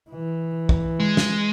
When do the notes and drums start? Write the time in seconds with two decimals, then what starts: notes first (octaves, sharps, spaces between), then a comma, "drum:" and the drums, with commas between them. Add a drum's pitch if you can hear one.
0.10 E3
0.69 drum: kick
1.00 G#3
1.17 drum: snare